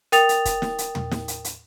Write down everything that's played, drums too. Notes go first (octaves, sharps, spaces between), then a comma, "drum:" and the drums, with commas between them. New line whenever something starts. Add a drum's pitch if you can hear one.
A#4 G5 D#6 A6 F7, drum: hi-hat
drum: hi-hat
drum: kick, hi-hat
drum: snare
drum: hi-hat
drum: tom
drum: snare
drum: hi-hat
drum: hi-hat